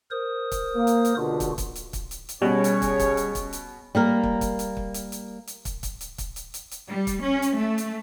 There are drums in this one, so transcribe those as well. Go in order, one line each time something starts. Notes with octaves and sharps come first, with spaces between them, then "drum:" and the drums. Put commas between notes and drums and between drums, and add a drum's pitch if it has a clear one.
A#4 C5 D#6
drum: kick, hi-hat
A#3
drum: hi-hat
drum: hi-hat
C#2 B2 D3 F4 F#4
drum: kick, hi-hat
drum: kick, hi-hat
drum: hi-hat
drum: kick, hi-hat
drum: hi-hat
drum: hi-hat
B2 G3 C#4 G#4 C#5
drum: hi-hat
drum: kick, hi-hat
drum: kick, hi-hat
drum: hi-hat
drum: kick, hi-hat
drum: hi-hat
G3 A#3 A#4
drum: kick
drum: kick, hi-hat
drum: hi-hat
drum: kick
drum: hi-hat
drum: hi-hat
drum: hi-hat
drum: kick, hi-hat
drum: kick, hi-hat
drum: hi-hat
drum: kick, hi-hat
drum: hi-hat
drum: hi-hat
drum: hi-hat
G3
drum: kick, hi-hat
C#4
drum: hi-hat
A3
drum: hi-hat